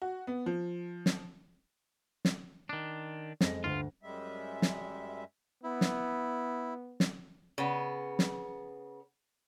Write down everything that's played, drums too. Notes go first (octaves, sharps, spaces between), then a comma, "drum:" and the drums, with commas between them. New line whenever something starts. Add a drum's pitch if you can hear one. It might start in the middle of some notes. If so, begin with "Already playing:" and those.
F#4
B3
F3
drum: snare
drum: snare
D#3 D4
F2 G#3 A#6, drum: snare
D2 G2 F4
F#2 G3 G#3 E5
drum: snare
B3 E4
drum: snare
drum: snare
C#3 B3
drum: snare